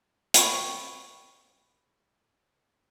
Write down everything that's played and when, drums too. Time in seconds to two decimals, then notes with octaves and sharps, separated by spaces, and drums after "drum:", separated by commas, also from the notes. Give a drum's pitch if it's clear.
0.34 G5 B5 C#6, drum: hi-hat